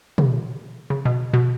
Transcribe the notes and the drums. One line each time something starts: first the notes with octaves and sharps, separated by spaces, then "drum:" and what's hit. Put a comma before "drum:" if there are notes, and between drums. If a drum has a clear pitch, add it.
C#3, drum: tom
C#3
B2
B2